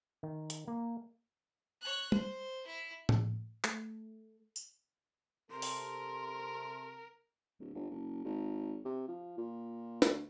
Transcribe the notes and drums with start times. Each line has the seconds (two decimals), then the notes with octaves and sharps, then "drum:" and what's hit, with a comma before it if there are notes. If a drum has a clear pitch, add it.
0.23 D#3
0.50 drum: hi-hat
0.67 A#3
1.81 C#5 F#6
2.12 C5, drum: tom
2.67 E4
3.09 drum: tom A2
3.64 A3, drum: clap
4.56 drum: tambourine
5.51 C3 A4 A#4 C6
5.62 drum: open hi-hat
7.60 D1
7.75 G1
7.90 F#1
8.25 G#1
8.85 C3
9.08 F3
9.38 A#2
10.02 D2, drum: snare